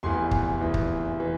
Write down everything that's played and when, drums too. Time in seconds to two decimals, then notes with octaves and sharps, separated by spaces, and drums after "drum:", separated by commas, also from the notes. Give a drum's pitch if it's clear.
0.03 F1 E2 E3 G#5 C6
0.31 drum: kick
0.60 F1 E2 E3
0.74 drum: kick
1.20 E3